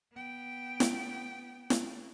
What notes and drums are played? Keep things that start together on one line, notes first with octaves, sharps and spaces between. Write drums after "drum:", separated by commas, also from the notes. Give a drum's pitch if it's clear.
B3 G5
drum: snare
drum: snare